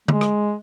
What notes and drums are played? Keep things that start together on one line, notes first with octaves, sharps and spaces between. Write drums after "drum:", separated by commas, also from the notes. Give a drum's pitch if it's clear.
G#3, drum: tom
drum: rim click